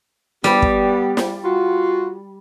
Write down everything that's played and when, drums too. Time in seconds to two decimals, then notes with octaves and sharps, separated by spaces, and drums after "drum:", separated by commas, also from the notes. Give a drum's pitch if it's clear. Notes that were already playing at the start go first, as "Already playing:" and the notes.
0.44 G3 B3 G4, drum: snare
0.62 drum: kick
1.17 drum: snare
1.44 F4 F#4